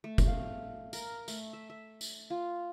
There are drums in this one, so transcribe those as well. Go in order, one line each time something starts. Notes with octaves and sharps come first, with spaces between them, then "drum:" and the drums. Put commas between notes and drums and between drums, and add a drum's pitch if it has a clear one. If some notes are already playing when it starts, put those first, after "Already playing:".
A3
drum: kick F1, tambourine
F5
A#4, drum: tambourine
A3, drum: tambourine
E5
E5
drum: tambourine
F4